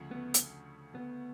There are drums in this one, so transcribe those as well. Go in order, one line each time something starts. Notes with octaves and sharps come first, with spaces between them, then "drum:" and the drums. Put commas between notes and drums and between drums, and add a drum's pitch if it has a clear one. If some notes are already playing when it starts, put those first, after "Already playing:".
Already playing: D2 C#3 F3 A3
B3
drum: hi-hat
B3